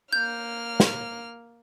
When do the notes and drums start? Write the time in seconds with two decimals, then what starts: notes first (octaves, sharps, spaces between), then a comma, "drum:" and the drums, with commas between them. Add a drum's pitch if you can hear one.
0.13 A#3 F6 G6
0.80 drum: snare